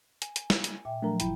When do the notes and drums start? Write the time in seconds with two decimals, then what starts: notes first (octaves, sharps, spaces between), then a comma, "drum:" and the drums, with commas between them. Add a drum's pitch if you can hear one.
0.22 G#5, drum: hi-hat
0.36 drum: hi-hat
0.50 drum: snare
0.64 drum: hi-hat
0.85 A#2 E5 G5
1.02 F3 F#3 A3 D4 A#4 A#5
1.20 G1 E4 G5 B5, drum: hi-hat